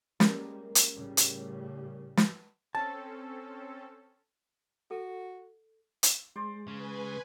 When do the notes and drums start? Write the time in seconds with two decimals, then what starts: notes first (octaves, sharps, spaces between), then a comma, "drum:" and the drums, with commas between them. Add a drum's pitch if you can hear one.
0.20 G3 G#3 A#3 C#4 A#4, drum: snare
0.75 drum: hi-hat
0.92 A2 C#3 G3
1.17 drum: hi-hat
2.17 drum: snare
2.75 C4 C#4 A4 A5
4.91 F#4 A4
6.03 drum: hi-hat
6.36 G#3 C5 D5
6.68 C#3 B4 G#5